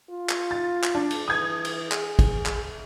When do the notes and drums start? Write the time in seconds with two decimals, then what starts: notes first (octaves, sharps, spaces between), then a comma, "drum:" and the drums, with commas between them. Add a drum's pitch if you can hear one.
0.10 F4
0.29 drum: clap
0.51 A6
0.83 drum: clap
0.95 D4
1.11 drum: cymbal
1.28 E3 D#6 G#6
1.65 drum: cymbal
1.92 G#4, drum: clap
2.19 drum: kick, cymbal
2.46 drum: clap